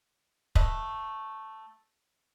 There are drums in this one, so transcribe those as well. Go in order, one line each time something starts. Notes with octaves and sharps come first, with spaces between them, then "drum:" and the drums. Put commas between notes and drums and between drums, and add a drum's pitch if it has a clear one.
A3 B4 D#5, drum: kick